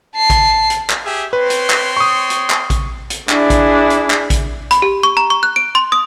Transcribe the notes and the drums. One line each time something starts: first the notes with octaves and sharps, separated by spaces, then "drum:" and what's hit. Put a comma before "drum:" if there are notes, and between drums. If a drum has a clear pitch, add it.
A5 C7
drum: kick A#1, hi-hat
drum: hi-hat
drum: clap
G4 G#4 E5
C4 B4 C#5 C6
drum: hi-hat
drum: clap
C#6 D#6
drum: hi-hat
drum: clap
drum: kick A#1, hi-hat
drum: hi-hat
D4 E4 G#4, drum: clap
drum: kick A#1, hi-hat
drum: hi-hat
drum: clap
drum: kick A#1, hi-hat
B5, drum: hi-hat
G4
C#6
A#5
C#6
F#6
D7
C6
D#6